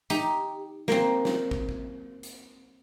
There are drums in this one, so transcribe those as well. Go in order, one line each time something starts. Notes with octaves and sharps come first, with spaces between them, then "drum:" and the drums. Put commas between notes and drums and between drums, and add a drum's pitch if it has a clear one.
D#4 G4, drum: hi-hat
A#3 C4, drum: snare
drum: snare
drum: kick
drum: kick
drum: hi-hat